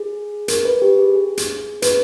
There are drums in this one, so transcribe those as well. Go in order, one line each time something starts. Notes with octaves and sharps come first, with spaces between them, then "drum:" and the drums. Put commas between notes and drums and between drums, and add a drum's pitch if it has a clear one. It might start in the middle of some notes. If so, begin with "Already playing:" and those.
Already playing: G#4
A#4, drum: hi-hat
B4
G4
G#4
G#4
drum: hi-hat
B4, drum: hi-hat